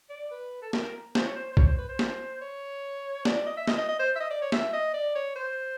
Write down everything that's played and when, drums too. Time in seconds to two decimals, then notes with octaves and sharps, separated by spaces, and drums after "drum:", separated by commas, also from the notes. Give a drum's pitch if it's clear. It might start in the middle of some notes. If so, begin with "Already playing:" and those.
0.10 D5
0.31 B4
0.62 A4
0.73 A#4, drum: snare
1.15 C5, drum: snare
1.25 C#5
1.35 C5
1.52 C5
1.57 C#5, drum: kick
1.67 C5
1.78 B4
1.89 C5
1.99 drum: snare
2.41 C#5
3.25 D5, drum: snare
3.36 D5
3.46 D#5
3.57 E5
3.67 D#5, drum: snare
3.78 D#5
3.89 D#5
3.99 C5
4.16 E5
4.20 D#5
4.30 D5
4.42 C#5
4.52 E5, drum: snare
4.73 D#5
4.94 D5
5.15 C#5
5.36 C5